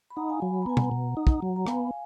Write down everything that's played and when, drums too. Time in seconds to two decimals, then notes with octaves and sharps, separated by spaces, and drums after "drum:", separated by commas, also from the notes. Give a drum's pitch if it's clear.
0.10 B5
0.16 D#4 F#5 A#5
0.29 F5 G#5
0.41 F#3 G#5 B5
0.54 B5
0.62 A#5
0.66 B3 G#5
0.77 F#5 A#5, drum: tom B2
0.91 B2
1.17 D#4
1.27 drum: kick
1.42 F#3
1.56 A#5
1.67 B3 F5 G#5, drum: rim click